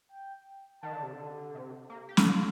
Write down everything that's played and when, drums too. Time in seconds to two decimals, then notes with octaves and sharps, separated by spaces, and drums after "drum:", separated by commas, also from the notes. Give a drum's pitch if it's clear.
0.12 G5
0.83 D#3 A5
0.93 D3
1.03 C3
1.13 D3
1.55 C3
1.90 A#3
2.09 G4
2.17 A4, drum: snare
2.26 F4